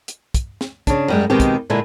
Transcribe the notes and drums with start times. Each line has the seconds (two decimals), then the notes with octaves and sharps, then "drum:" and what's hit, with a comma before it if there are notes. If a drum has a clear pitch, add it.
0.08 drum: hi-hat
0.34 drum: kick, hi-hat
0.61 drum: snare
0.87 C#3 D4, drum: kick, hi-hat
1.08 F#2 G3 G#3
1.30 B2 D#3 G#3 C4 G4
1.40 drum: kick, hi-hat
1.70 A#2 D3 G#3 E4 G#5